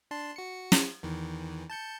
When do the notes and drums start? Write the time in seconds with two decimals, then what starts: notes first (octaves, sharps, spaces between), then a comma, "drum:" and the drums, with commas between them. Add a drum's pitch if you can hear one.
0.11 D4 A5 C6
0.36 F#4 C#7
0.72 drum: snare
1.03 E2 D#3 E3
1.70 A5 G6 C#7